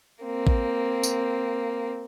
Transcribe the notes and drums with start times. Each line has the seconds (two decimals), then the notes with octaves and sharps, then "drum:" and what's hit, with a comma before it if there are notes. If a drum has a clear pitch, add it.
0.24 A#3 C4
0.47 drum: kick A1
1.03 drum: tambourine